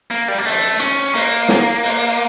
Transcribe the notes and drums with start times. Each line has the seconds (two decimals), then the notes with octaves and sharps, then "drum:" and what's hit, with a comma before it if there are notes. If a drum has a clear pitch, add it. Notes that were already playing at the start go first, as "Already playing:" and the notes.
0.11 A#3
0.28 G3
0.38 A#3
0.46 A3, drum: open hi-hat
0.80 C#4, drum: hi-hat
1.15 A#3, drum: open hi-hat
1.49 drum: snare
1.83 drum: open hi-hat